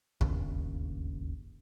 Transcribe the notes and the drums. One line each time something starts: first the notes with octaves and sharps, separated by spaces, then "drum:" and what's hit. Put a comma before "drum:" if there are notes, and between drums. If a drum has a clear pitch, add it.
D1 G1 D#2 C#3, drum: kick